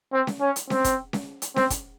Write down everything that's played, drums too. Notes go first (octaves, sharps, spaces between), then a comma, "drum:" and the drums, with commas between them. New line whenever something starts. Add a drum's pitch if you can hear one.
C4
drum: snare C#4
C#4
drum: hi-hat
C4, drum: snare C#4
drum: kick, hi-hat
drum: snare C#4
drum: hi-hat
C4, drum: snare C#4
drum: kick, hi-hat